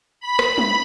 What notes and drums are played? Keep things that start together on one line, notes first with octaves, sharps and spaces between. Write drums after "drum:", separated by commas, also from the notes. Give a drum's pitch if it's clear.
B5
drum: rim click
drum: tom